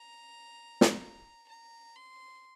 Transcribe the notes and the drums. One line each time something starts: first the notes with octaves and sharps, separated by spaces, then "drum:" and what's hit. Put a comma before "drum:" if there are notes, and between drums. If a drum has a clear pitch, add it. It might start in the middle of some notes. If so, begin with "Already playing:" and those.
Already playing: A#5
drum: snare
A#5
C6